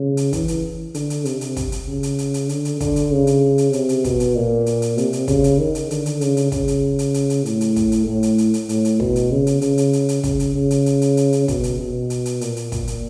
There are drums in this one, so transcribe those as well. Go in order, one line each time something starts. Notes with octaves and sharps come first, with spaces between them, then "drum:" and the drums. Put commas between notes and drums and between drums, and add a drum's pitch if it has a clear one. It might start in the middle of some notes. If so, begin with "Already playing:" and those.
Already playing: C#3
drum: hi-hat
E3, drum: kick, hi-hat
drum: hi-hat
D3, drum: hi-hat
drum: hi-hat
C3, drum: hi-hat
drum: hi-hat
drum: kick, hi-hat
drum: hi-hat
C#3
drum: hi-hat
drum: hi-hat
drum: hi-hat
D3, drum: hi-hat
drum: hi-hat
D3, drum: kick, hi-hat
drum: hi-hat
C#3
drum: hi-hat
drum: hi-hat
C3, drum: hi-hat
drum: hi-hat
B2, drum: kick, hi-hat
drum: hi-hat
A#2
drum: hi-hat
drum: hi-hat
C3, drum: hi-hat
drum: hi-hat
C#3, drum: kick, hi-hat
drum: hi-hat
D#3
drum: hi-hat
D3, drum: hi-hat
drum: hi-hat
C#3, drum: hi-hat
drum: hi-hat
C#3, drum: kick, hi-hat
drum: hi-hat
drum: hi-hat
drum: hi-hat
drum: hi-hat
A2, drum: hi-hat
drum: hi-hat
drum: kick, hi-hat
drum: hi-hat
A2
drum: hi-hat
drum: hi-hat
drum: hi-hat
A2, drum: hi-hat
drum: hi-hat
B2, drum: kick
drum: hi-hat
C#3
drum: hi-hat
C#3, drum: hi-hat
drum: hi-hat
drum: hi-hat
drum: hi-hat
C#3, drum: kick, hi-hat
drum: hi-hat
C#3
drum: hi-hat
drum: hi-hat
drum: hi-hat
drum: hi-hat
drum: hi-hat
B2, drum: kick, hi-hat
drum: hi-hat
B2
drum: hi-hat
drum: hi-hat
A#2, drum: hi-hat
drum: hi-hat
drum: kick, hi-hat
drum: hi-hat